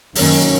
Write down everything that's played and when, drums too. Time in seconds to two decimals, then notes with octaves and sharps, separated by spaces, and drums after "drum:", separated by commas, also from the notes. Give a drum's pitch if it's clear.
0.15 F#2 D#3 A#3 C#4, drum: open hi-hat